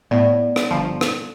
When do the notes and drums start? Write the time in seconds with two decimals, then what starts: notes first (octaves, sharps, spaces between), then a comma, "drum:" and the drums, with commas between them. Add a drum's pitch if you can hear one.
0.11 A2 B3 D5
0.56 drum: rim click
0.71 G1 F3
1.01 drum: rim click